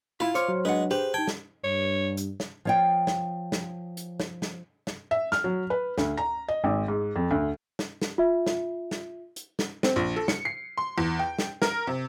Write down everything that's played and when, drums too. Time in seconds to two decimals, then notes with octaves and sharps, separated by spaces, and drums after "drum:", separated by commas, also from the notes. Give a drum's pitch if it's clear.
0.20 E4 F4 B5
0.35 C5 C#5 C6 D6 F6, drum: hi-hat
0.49 F#3
0.65 G#3 D4 B4 F#5
0.91 G4 G#4 B4 C5
1.14 D#4 G5 A5 G#6
1.27 drum: snare
1.64 G2 C#5
2.17 drum: hi-hat
2.40 drum: snare
2.65 F3 C#5 G5
3.07 drum: snare
3.52 drum: snare
3.97 drum: hi-hat
4.20 drum: snare
4.42 drum: snare
4.87 drum: snare
5.11 E5
5.32 F6, drum: snare
5.44 F#3
5.70 B4
5.98 D2, drum: snare
6.17 A#5
6.48 D#5
6.64 G#1
6.88 G#2
7.16 F2
7.31 D2
7.79 drum: snare
8.01 drum: snare
8.18 F4 E5
8.46 drum: snare
8.91 drum: snare
9.36 drum: hi-hat
9.59 drum: snare
9.83 C4, drum: snare
9.96 A#1
10.16 A4
10.28 C#7, drum: snare
10.45 C7
10.78 C6
10.98 E2
11.19 G5
11.39 drum: snare
11.62 A#4, drum: snare
11.87 C3